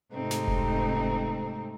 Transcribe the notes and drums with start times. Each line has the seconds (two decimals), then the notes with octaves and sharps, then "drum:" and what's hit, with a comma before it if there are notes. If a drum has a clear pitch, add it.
0.14 G#2 C3 G#3 A3 C4 D#4
0.31 drum: snare
0.48 drum: kick F1